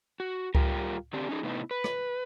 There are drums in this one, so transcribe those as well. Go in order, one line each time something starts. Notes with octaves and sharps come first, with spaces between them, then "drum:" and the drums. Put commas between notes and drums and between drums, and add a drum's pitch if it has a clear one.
F#4
G3 F4 G4 A#4, drum: kick C#2
D3 C4 D4 G4
C#4 D#4 G#4
A2 C3 B3 D#4 E4
B4
drum: rim click